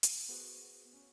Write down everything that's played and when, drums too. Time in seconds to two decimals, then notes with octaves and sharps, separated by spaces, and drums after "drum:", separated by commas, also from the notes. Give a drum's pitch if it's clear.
0.03 drum: hi-hat
0.29 B3 F#4 G#4 C5
0.93 C#4